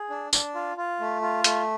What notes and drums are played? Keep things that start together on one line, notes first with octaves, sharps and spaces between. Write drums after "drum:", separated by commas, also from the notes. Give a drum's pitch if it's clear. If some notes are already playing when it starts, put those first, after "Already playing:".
Already playing: G#4
D4
D4, drum: tambourine
F4
F4
A3
F4
A3, drum: hi-hat